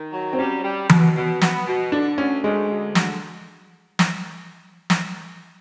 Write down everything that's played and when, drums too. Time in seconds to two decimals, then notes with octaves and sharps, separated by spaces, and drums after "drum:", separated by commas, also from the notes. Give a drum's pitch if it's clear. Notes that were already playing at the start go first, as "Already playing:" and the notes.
Already playing: D#3
0.13 F#3
0.33 C4
0.39 G3 C#4
0.64 G3
0.89 B2, drum: tom E3
1.15 B2
1.41 B3, drum: snare
1.67 B2
1.92 D3 D4
2.18 D2 C#4
2.44 D2 G#3
2.70 D2
2.95 D3, drum: snare
3.99 drum: snare
4.90 drum: snare